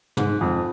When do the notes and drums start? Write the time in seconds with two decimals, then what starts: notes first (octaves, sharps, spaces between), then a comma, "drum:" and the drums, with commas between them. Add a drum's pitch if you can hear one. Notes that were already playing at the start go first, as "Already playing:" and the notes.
0.17 G#2, drum: tom
0.41 F2